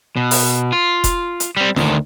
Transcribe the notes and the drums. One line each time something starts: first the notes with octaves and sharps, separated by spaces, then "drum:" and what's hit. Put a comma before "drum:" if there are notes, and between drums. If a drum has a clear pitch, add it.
B2
drum: open hi-hat
F4
drum: kick F1, hi-hat
drum: hi-hat
G3 C4
D2 D#3, drum: snare F4